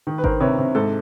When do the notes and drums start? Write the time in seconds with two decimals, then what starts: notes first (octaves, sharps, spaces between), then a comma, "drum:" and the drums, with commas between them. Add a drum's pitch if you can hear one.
0.07 D#3
0.18 B4
0.24 D#3 A#4 C5, drum: kick G#1
0.40 C3 B4 C#5
0.58 C3
0.75 G#2 A4